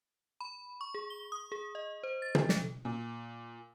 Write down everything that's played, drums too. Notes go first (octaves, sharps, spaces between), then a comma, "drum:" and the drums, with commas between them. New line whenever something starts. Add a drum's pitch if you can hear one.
B5
C#6
G#4
G7
D#6
G#4
D#5
C5
A6
F3, drum: tom
A4, drum: snare
A#2